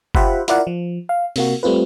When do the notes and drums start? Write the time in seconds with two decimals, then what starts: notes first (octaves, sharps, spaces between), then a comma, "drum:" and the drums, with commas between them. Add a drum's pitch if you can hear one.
0.15 F4 G4 C5 E5 F#5 B5, drum: kick F#1
0.48 E4 F4 A#4 D5 F5 F#5, drum: hi-hat
0.67 F3
1.09 F5
1.36 C3 A#3 F#4, drum: open hi-hat
1.63 G3 A3 C4 F4 B4